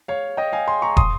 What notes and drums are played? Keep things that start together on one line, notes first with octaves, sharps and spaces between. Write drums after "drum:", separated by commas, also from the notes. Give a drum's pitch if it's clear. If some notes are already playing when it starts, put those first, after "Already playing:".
C#5 F5
D#5 G5
F5 G#5
G#5 C6
A#5 C#6
C6 D#6, drum: kick